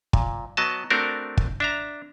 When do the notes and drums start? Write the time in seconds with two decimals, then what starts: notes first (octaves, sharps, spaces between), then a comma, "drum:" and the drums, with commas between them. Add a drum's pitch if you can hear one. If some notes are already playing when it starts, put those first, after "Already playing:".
0.13 A#2, drum: kick
0.57 F#3 B3 D#5 A5
0.90 A3 C4 D4 F#4 A#4
1.37 drum: kick
1.60 D4 E5 A#5